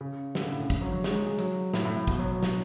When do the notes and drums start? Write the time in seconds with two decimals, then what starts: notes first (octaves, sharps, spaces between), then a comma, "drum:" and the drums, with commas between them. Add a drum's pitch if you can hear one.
0.01 C#3
0.35 D3, drum: snare
0.43 C#3
0.52 A2
0.60 C#3
0.70 D3, drum: kick, hi-hat
0.81 F#3
0.92 F#3
1.04 G#3, drum: snare
1.15 F#3
1.27 G#3
1.39 F#3, drum: hi-hat
1.74 A2, drum: snare
1.85 A2
1.96 A2
2.07 B2, drum: kick, hi-hat
2.19 F#3
2.31 F#3
2.43 drum: snare